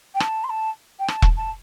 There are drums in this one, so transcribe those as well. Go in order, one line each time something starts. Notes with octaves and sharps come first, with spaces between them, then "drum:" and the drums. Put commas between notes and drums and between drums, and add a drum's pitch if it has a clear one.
G5
A5, drum: rim click
C6
A5
G5
A5, drum: rim click
drum: kick E1
A5